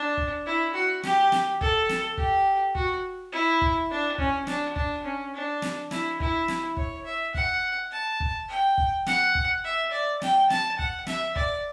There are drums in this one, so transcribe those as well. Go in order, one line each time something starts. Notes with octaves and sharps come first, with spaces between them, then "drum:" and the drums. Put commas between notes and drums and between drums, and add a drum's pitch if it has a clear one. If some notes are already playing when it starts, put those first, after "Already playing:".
Already playing: D4
drum: kick
E4
F#4
G4, drum: snare
drum: snare
A4, drum: kick
drum: snare
G4, drum: kick
F#4, drum: kick
E4
drum: kick
D4
C#4, drum: kick
D4, drum: snare
D4, drum: kick
C#4
D4
drum: snare
E4, drum: snare
E4, drum: kick
drum: snare
C#5, drum: kick
E5
F#5, drum: kick
A5
drum: kick
G5
drum: kick
F#5, drum: snare
drum: kick
E5
D5
G5, drum: snare
A5, drum: snare
F#5, drum: kick
E5, drum: snare
D5, drum: kick